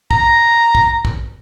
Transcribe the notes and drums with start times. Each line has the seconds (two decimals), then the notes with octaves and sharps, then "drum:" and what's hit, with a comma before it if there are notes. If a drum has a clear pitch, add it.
0.11 A#5, drum: kick
0.75 drum: kick
1.05 drum: kick